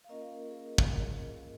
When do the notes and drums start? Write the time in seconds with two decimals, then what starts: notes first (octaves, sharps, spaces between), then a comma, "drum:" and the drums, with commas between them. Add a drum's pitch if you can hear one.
0.04 F5
0.09 A#3 C#4 F4 A#4 D#5
0.30 A#4
0.50 G#4
0.78 drum: kick